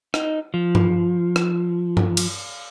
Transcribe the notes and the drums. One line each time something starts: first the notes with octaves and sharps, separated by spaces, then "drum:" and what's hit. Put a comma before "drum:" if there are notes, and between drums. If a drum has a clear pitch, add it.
D#4, drum: rim click
F3
drum: tom G2
drum: rim click
drum: tom G2
drum: cymbal